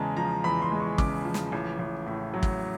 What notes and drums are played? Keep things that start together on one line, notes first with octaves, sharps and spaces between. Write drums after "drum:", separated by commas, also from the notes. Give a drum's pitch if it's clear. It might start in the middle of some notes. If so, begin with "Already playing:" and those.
Already playing: E2 C#3 G#3 A5 A#5
F3 A#5
E2 B5
C6
G#3
C#6
C#3 D6, drum: kick
F3
drum: snare
A1
A1
A2
F#3
drum: kick